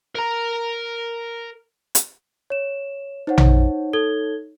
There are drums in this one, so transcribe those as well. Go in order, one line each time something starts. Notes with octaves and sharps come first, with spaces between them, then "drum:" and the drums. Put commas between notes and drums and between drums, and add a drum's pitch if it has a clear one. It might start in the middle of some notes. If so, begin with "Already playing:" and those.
A#4 A#5
drum: hi-hat
C#5 E7
D#4 C5 C#5 F#5
drum: tom A#1
A4 G#6 G7